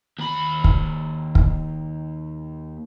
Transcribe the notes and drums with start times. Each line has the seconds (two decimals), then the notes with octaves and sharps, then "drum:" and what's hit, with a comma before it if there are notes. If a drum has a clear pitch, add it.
0.19 D#2 B5
0.64 drum: kick
1.35 drum: kick